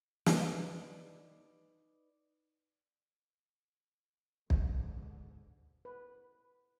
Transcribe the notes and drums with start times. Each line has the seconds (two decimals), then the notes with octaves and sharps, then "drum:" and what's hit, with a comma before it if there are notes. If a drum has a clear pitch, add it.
0.26 D#4 B4 D5, drum: snare
4.50 G#2 B2 D3, drum: kick
5.85 B4